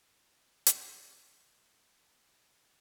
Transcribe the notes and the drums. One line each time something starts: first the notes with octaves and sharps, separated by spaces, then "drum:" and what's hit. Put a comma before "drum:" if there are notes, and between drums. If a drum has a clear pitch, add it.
D5
drum: hi-hat
G4
C4